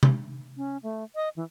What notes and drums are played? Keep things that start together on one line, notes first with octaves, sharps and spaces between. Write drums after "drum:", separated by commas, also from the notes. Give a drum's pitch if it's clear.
drum: tom C3
C#4
A3
D#5
E3